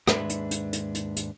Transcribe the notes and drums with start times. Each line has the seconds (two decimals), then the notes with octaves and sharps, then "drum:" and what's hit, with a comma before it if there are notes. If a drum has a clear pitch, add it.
0.07 D#2 G#2 G#3 D4 B4 E5, drum: rim click
0.29 drum: hi-hat
0.51 drum: hi-hat
0.73 drum: hi-hat
0.95 drum: hi-hat
1.16 drum: hi-hat